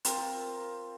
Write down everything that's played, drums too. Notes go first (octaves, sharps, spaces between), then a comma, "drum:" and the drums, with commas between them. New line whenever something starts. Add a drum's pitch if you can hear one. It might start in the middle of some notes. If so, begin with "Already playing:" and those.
C4 F4 A#4, drum: hi-hat